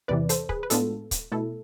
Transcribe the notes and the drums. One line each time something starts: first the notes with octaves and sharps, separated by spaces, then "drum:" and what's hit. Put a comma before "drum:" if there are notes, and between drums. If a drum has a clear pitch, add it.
E2 C3 E3 B4 D5
A4 C5, drum: hi-hat
G#4 B4, drum: kick
B4
A2 G#3 B3 D4 F4 A4, drum: hi-hat
drum: kick, hi-hat
B2 A3 E4 A4